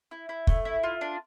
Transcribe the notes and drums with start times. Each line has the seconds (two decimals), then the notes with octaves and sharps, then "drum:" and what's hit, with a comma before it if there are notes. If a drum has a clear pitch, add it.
0.11 E4
0.29 E4
0.47 A3, drum: kick
0.65 E4
0.83 F4
1.01 D4